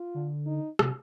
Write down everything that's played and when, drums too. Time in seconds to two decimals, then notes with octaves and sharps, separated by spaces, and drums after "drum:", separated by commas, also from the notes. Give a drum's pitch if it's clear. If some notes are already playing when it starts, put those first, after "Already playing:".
Already playing: F4
0.14 D3
0.46 D#4
0.79 C3, drum: rim click